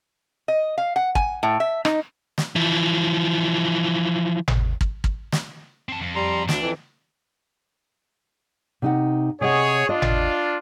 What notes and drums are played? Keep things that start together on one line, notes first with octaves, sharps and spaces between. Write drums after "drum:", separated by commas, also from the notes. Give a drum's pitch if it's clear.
D#5
F5
F#5
G#5, drum: kick
A2
E5
D#4, drum: rim click
drum: snare
E3 F3
drum: tom G#1
drum: kick
drum: kick
drum: snare
C4 A5
F2
G3 A#5 C6
D2 D4, drum: snare
F2 E3
C3 D#4 F#5
C3 G#4 C#5 D#5 F#5
D4 F4 D#5
drum: tom G#1